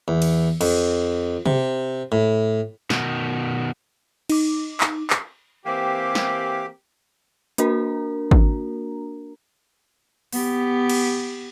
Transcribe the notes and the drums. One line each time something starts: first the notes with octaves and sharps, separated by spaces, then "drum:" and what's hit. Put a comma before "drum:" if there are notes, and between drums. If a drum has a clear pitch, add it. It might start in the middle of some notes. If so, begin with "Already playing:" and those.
E2
drum: cymbal
F2, drum: cymbal
C3, drum: tom C3
A2
B2 D#3, drum: snare
D#4 D6, drum: cymbal
drum: clap
drum: clap
E3 A#3 C4 G4
drum: snare
A#3 D4 F#4 A#4 A#5, drum: hi-hat
drum: kick G#1
B3 G4, drum: open hi-hat
drum: cymbal